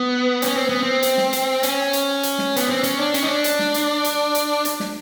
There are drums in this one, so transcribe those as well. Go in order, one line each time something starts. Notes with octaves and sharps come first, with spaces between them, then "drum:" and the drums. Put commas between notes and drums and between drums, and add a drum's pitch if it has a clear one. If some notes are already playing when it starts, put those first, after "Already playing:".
Already playing: B3
C#4, drum: hi-hat
C4
B3
C4
drum: hi-hat
drum: snare
drum: hi-hat
C#4, drum: hi-hat
drum: hi-hat
drum: hi-hat
drum: snare
B3, drum: hi-hat
C4
C#4, drum: hi-hat
D4
C#4, drum: hi-hat
D#4
D4
drum: hi-hat
drum: snare
drum: hi-hat
drum: hi-hat
drum: hi-hat
drum: hi-hat
drum: snare